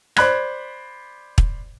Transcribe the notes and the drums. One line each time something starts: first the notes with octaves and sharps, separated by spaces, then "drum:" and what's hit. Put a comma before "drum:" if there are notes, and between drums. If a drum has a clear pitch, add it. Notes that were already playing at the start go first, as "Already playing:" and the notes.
C5 D5 B5 F#6 G#6, drum: rim click
drum: kick